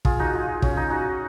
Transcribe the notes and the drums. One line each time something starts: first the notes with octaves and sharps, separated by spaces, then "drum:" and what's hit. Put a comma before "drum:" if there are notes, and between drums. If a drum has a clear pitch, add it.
F4 G#4, drum: kick
D#4 F#4
F4 G#4
C#4, drum: kick
D#4
D#4 F#4